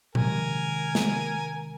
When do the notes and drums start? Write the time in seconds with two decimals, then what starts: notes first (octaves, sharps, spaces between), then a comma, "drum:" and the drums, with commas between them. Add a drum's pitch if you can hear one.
0.15 C3 D#3 G#3 A#4 G#5, drum: tom A#2
0.95 drum: snare